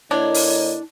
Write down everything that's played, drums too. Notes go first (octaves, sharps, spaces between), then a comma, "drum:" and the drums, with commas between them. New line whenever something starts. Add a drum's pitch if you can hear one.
D3 A#3 D4 E4 C#5 D#5
drum: open hi-hat